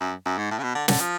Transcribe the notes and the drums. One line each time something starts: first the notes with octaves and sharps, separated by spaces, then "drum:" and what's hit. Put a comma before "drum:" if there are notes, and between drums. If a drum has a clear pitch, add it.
F#2
F#2
G#2
A2
C#3
B2
D3
D3, drum: snare
F3